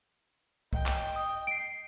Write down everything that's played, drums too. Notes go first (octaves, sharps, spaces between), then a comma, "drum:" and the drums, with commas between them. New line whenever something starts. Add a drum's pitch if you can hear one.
D#5 G5, drum: kick C2
drum: clap
D#6
C7 D7